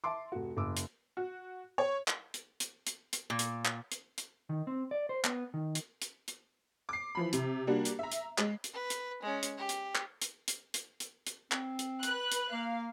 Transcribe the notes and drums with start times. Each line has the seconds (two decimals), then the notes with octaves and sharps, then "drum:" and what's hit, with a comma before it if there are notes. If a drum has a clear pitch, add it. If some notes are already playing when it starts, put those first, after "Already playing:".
0.04 E5 A5 C6 D6
0.32 F1 F#4
0.57 F#1 D6 E6
0.77 drum: hi-hat
1.17 F#4
1.78 C#5
2.08 drum: clap
2.34 drum: hi-hat
2.60 drum: hi-hat
2.87 drum: hi-hat
3.13 drum: hi-hat
3.30 A#2
3.39 drum: hi-hat
3.65 drum: clap
3.92 drum: hi-hat
4.18 drum: hi-hat
4.49 D#3
4.67 C4
4.91 D5
5.09 C5
5.24 B3, drum: clap
5.54 D#3
5.75 drum: hi-hat
6.02 drum: hi-hat
6.28 drum: hi-hat
6.89 D6 C7
7.15 E3 F3 B5
7.33 C3, drum: hi-hat
7.67 G3 A#3 D4 F#4
7.85 drum: hi-hat
7.99 E5 A#5
8.12 drum: hi-hat
8.38 G#3, drum: clap
8.64 drum: hi-hat
8.73 B4
8.90 drum: hi-hat
9.22 G#3 C#4
9.43 drum: hi-hat
9.58 G4
9.69 drum: hi-hat
9.95 drum: clap
10.22 drum: hi-hat
10.48 drum: hi-hat
10.74 drum: hi-hat
11.00 drum: hi-hat
11.27 drum: hi-hat
11.52 C4, drum: clap
11.79 drum: hi-hat
12.03 B4 F#6, drum: hi-hat
12.32 drum: hi-hat
12.52 A#3 F5